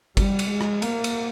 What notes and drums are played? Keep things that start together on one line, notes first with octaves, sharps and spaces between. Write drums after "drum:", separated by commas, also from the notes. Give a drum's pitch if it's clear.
G3, drum: kick G1, cymbal
drum: cymbal
G#3
drum: rim click
A#3, drum: cymbal
drum: cymbal